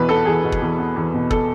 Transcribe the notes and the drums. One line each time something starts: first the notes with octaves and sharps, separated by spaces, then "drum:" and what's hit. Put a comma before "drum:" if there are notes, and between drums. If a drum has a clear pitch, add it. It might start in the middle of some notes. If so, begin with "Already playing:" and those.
Already playing: E2 B2 B4
B3 A4
E2 G#4
B2
drum: kick
E2
B3
E2
B2
A4, drum: kick